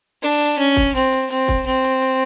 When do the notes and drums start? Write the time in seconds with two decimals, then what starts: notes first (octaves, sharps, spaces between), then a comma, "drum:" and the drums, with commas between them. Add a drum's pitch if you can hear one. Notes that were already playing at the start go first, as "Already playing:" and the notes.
0.23 D4, drum: hi-hat
0.41 drum: hi-hat
0.58 C#4, drum: hi-hat
0.77 drum: kick, hi-hat
0.95 C4, drum: hi-hat
1.12 drum: hi-hat
1.30 C4, drum: hi-hat
1.48 drum: kick, hi-hat
1.66 C4
1.84 drum: hi-hat
2.02 drum: hi-hat